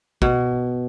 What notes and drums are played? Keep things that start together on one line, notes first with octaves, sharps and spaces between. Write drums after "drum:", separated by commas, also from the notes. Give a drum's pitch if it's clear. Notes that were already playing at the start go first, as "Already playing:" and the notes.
B2, drum: kick